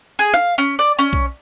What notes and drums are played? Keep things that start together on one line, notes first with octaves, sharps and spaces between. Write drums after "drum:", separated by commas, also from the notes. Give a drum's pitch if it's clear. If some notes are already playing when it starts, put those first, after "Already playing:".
G#4
F5, drum: snare
C#4
D5
C#4
drum: kick B1